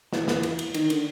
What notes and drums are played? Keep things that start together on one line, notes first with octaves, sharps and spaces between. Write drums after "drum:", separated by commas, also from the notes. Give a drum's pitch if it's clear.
E3, drum: snare
drum: snare
drum: cymbal
drum: cymbal
D#3, drum: cymbal
D3, drum: cymbal